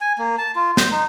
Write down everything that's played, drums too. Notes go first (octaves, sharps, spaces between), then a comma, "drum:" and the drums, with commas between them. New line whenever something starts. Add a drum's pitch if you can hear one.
G#5
A#3
A5
F4
C5, drum: snare
D#4